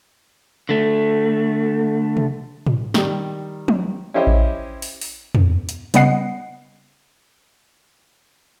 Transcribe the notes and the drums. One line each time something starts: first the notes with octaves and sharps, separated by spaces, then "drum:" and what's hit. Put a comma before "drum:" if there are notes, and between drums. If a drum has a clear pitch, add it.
D3 A3
drum: tom
drum: tom
D#3 G3, drum: snare
drum: tom
C#4 E4 G4 C5 D#5 E5
drum: kick A1
drum: open hi-hat
drum: open hi-hat
drum: tom
drum: hi-hat
C#3 G3 B3 D#5 F#5 C7, drum: hi-hat